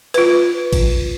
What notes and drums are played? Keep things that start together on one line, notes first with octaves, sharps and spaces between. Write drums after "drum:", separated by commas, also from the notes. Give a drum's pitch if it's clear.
F4 B4, drum: cymbal
drum: kick A1, cymbal